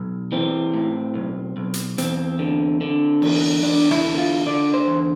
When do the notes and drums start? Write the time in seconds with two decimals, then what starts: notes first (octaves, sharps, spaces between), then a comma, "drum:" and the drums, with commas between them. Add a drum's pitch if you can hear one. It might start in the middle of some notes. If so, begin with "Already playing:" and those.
Already playing: B1
0.32 E3 C4
0.74 A2
1.15 B1
1.57 B1
1.74 drum: hi-hat
1.98 E2 C4, drum: hi-hat
2.39 D3
2.81 D3
3.22 E2, drum: cymbal
3.63 E2 D4
3.91 E4, drum: rim click
4.05 D3
4.18 F4
4.46 D3 D5
4.74 C5
4.88 E2